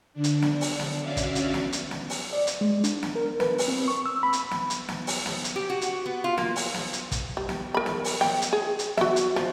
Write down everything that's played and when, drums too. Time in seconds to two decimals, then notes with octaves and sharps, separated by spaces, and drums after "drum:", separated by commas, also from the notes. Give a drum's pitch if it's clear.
0.14 D3 D4
0.24 drum: hi-hat
0.42 drum: snare
0.61 drum: open hi-hat
0.80 drum: snare
1.02 C#4 F#4 D5 E5 F5
1.17 drum: kick, hi-hat
1.35 drum: hi-hat
1.54 drum: snare
1.72 drum: hi-hat
1.91 drum: snare
2.10 drum: open hi-hat
2.33 D5
2.47 drum: hi-hat
2.61 G#3
2.84 D4, drum: hi-hat
3.03 drum: snare
3.15 A#4
3.40 B4, drum: snare
3.58 drum: open hi-hat
3.68 C4
3.88 C#6
4.06 E6
4.23 B5
4.33 drum: hi-hat
4.51 drum: snare
4.70 drum: hi-hat
4.88 drum: snare
5.07 drum: open hi-hat
5.26 drum: snare
5.44 drum: hi-hat
5.56 G4
5.70 F#4
5.81 drum: hi-hat
6.06 B3
6.24 F4
6.38 A#3, drum: snare
6.56 drum: open hi-hat
6.74 drum: snare
6.93 drum: hi-hat
7.12 drum: kick, hi-hat
7.37 G3
7.49 drum: snare
7.74 A#4 B5
7.86 drum: snare
8.05 drum: open hi-hat
8.21 G5, drum: snare
8.42 drum: hi-hat
8.53 G#4
8.79 drum: hi-hat
8.97 F#4 E5, drum: snare
9.16 drum: hi-hat
9.36 F3, drum: snare